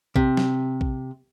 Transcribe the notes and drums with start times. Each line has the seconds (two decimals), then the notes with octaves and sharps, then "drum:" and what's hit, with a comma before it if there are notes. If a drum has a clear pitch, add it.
0.16 C3, drum: kick A#1
0.37 drum: snare
0.81 drum: kick A#1